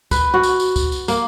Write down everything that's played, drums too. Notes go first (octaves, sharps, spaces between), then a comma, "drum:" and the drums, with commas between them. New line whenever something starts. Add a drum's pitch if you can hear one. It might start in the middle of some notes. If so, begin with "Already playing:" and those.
B4, drum: kick, tambourine
F#4
drum: tambourine
drum: tambourine
drum: kick, tambourine
drum: tambourine
A#3, drum: tambourine